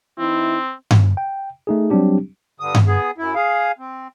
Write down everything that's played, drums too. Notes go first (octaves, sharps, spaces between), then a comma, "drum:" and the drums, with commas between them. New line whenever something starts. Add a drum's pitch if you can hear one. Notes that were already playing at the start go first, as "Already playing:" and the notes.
E3 C4 D#4 E4
drum: tom G2
G5
A3 D#4 G#4
F#3 G3 C4 D4 G4
G2 D3 D#6
drum: tom G2
B3 G#4
F#2 E4
G#4 F5
C4